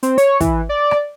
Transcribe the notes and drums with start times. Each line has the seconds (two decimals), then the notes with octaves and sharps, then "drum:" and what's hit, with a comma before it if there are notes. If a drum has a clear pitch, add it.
0.03 C4, drum: hi-hat
0.18 C#5, drum: hi-hat
0.41 E3, drum: kick, hi-hat
0.69 D5
0.91 drum: rim click